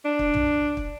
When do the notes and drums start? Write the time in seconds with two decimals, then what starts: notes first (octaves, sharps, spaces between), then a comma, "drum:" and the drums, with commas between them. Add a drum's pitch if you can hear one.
0.05 D4
0.19 drum: kick
0.34 drum: tom
0.77 drum: kick